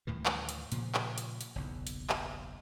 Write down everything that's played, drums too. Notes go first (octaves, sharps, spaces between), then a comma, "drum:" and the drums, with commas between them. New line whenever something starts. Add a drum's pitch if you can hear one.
D2 A2 D#3 E3
drum: clap
drum: hi-hat
A#2 C#3 F3, drum: hi-hat
drum: clap
drum: hi-hat
drum: hi-hat
F#1 B1 E2
drum: hi-hat
drum: clap